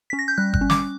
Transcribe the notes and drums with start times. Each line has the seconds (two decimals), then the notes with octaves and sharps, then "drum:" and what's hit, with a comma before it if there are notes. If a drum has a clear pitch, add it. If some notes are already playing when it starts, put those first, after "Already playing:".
0.10 C#4 B6
0.19 A#6
0.28 G6
0.38 G3 F#6
0.54 F#6, drum: kick G1
0.61 C#4
0.70 D6, drum: snare